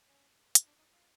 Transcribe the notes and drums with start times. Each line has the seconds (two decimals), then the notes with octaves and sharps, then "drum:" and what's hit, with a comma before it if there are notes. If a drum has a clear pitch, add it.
0.09 C#4
0.55 drum: hi-hat
0.67 D4
0.79 D#4
0.92 F4